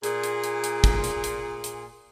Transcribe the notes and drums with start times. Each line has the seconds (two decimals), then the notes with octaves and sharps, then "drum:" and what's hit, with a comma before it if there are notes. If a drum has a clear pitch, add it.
0.03 A#2 G#4, drum: hi-hat
0.24 drum: hi-hat
0.44 drum: hi-hat
0.64 drum: hi-hat
0.84 drum: kick, hi-hat
1.04 drum: hi-hat
1.24 drum: hi-hat
1.64 drum: hi-hat